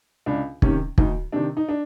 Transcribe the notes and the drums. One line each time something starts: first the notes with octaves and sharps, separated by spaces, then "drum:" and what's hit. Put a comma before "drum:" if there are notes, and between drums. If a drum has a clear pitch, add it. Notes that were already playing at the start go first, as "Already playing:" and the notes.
C#2 D4
C3 D#3 C#4, drum: kick
D2 D#4, drum: kick
C3 D#3 D4
D#4
D4